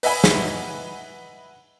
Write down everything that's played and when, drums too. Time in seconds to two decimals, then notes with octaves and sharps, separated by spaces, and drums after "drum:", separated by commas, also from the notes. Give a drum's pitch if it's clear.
0.03 B4 D#5 E5 F#5 G#5 B5, drum: open hi-hat
0.24 drum: snare